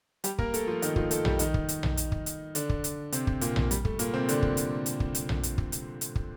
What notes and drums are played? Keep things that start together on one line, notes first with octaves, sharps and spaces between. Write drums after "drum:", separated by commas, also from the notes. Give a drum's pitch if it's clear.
G3 G4, drum: hi-hat
A#3 A#4, drum: kick
A3 A4, drum: hi-hat
F3 F4
D#3 D#4, drum: hi-hat
F3 F4, drum: kick
A3 A4, drum: hi-hat
G3 G4, drum: tom A#1
D#3 D#4, drum: hi-hat
drum: kick
drum: hi-hat
drum: tom A#1
drum: hi-hat
drum: kick
drum: hi-hat
D3 D4, drum: hi-hat
drum: kick
drum: hi-hat
C3 C4, drum: hi-hat
drum: kick
A#2 A#3, drum: hi-hat
drum: tom A#1
G3, drum: hi-hat
A3, drum: kick
A#2 A#3, drum: hi-hat
C3 C4
D3 D4, drum: hi-hat
drum: kick
drum: hi-hat
drum: hi-hat
drum: kick
drum: hi-hat
drum: tom A#1
drum: hi-hat
drum: kick
drum: hi-hat
drum: hi-hat
drum: kick